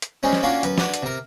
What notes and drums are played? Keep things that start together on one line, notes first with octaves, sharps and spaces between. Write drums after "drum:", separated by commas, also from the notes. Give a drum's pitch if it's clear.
drum: hi-hat
G3 G#3 C4 C#4
drum: snare
A#3 C#4 D4 F4 F#4
F#2 B4, drum: hi-hat
D4 F#4 B4, drum: snare
drum: hi-hat
C3 A#4